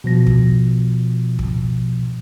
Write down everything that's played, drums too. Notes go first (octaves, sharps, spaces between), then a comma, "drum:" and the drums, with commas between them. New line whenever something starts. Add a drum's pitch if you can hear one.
B2 F3 A#6
drum: kick
drum: kick